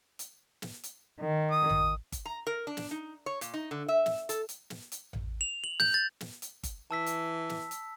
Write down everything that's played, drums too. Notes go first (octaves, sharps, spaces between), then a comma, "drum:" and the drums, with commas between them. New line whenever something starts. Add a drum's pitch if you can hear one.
drum: hi-hat
drum: snare
drum: hi-hat
D#3
D#6
drum: tom A1
drum: kick G1, hi-hat
A#5
A#4
D4
drum: snare
D#4
C#5
A#2, drum: hi-hat
D#4
D3
E5
drum: snare
A4, drum: hi-hat
drum: hi-hat
drum: snare
drum: hi-hat
drum: tom A1
F7
F#7
G6, drum: snare
A6
drum: snare
drum: hi-hat
drum: kick G1, hi-hat
E3 A5 E6 B6
drum: hi-hat
drum: snare
drum: hi-hat